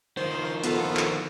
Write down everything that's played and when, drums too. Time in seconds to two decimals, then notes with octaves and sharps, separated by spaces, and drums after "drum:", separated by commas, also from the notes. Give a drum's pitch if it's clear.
0.17 D#3 F3 C5
0.64 B3 F4 A4, drum: hi-hat
0.97 drum: clap